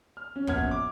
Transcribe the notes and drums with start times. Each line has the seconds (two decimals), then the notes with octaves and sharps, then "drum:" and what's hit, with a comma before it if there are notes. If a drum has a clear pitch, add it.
0.17 F6
0.36 C#4
0.47 A#1 F#2 B3 F#5 F6 G#6, drum: kick
0.71 D6